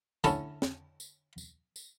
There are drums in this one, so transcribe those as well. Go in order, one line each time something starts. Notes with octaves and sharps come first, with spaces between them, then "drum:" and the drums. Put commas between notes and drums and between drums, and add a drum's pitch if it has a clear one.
D3 A3 C#4 E4 A4, drum: tambourine
drum: snare
drum: tambourine
drum: tambourine
drum: tambourine